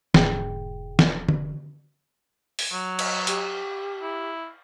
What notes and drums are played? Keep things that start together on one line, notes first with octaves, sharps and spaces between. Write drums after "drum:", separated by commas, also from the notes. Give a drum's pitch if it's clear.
E1 G#2 D3 G#4 G5, drum: snare
drum: snare
drum: tom
drum: open hi-hat
F#3
drum: cymbal
G4, drum: hi-hat
E4